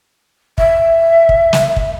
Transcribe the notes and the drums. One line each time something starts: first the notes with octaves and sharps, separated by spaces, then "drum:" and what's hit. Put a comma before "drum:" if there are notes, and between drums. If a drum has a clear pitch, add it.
E5, drum: kick
drum: kick
drum: snare
drum: kick